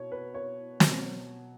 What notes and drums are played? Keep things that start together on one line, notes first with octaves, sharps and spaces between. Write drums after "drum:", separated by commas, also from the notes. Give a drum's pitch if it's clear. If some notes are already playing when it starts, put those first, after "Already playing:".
Already playing: B2 C#5
B4
C#5
B2 F#3, drum: snare